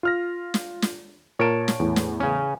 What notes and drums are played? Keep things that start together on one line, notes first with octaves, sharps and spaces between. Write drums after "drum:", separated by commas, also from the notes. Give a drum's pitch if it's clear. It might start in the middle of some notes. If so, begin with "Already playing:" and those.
F4 F6 A#6
drum: snare
drum: snare
A#2 A#4 C#5 A5 D7
drum: snare
E2 A2
drum: snare
C#3 C#4